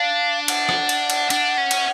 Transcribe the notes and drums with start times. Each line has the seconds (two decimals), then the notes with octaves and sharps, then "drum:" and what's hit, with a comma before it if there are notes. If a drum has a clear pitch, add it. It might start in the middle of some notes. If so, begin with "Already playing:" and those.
Already playing: D4 F5
0.48 F#5, drum: cymbal
0.69 drum: rim click
0.89 drum: cymbal
1.10 drum: cymbal
1.30 D4, drum: cymbal
1.58 C#4
1.71 drum: cymbal